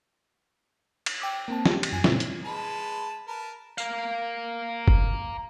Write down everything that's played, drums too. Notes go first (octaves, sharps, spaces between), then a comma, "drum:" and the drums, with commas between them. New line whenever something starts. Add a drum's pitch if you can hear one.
drum: cymbal
G5 D6 E6
A#3 C4 A5
G4, drum: snare
drum: cymbal
F#2 G#5
A#2 C#3 C4 E4, drum: snare
drum: hi-hat
G#3 B4 A5
A#4 B4 A5
A#4 F5, drum: tambourine
drum: kick